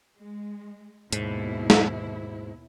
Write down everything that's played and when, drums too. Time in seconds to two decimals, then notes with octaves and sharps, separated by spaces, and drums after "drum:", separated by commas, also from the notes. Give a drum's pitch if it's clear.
0.18 G#3
1.12 D#2 G#2 B2 E4, drum: hi-hat
1.70 drum: snare